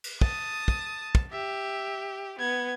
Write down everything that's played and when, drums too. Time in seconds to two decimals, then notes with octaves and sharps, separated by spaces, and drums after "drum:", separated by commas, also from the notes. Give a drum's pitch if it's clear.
0.04 drum: cymbal
0.21 A5 D#6, drum: kick
0.68 drum: kick
1.15 drum: kick
1.32 G4 E5
2.39 B3 G#6